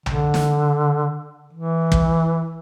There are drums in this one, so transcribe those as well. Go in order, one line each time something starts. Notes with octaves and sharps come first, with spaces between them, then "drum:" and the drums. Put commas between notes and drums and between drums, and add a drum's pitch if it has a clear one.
D3, drum: tom A#1
drum: snare
E3
drum: kick